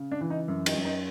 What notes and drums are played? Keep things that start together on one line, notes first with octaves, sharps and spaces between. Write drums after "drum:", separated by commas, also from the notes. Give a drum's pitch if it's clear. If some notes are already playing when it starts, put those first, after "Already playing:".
Already playing: C#3
D4
E3
D#4
F#2
D#4, drum: cymbal
F#2
D#4